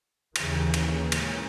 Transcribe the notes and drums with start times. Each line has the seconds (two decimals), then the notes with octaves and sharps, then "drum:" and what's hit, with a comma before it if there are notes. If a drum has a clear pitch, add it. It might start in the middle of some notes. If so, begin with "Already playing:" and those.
0.36 D#2 C#3 E3, drum: cymbal
0.74 drum: cymbal
1.12 A#2 G#3 C#4, drum: cymbal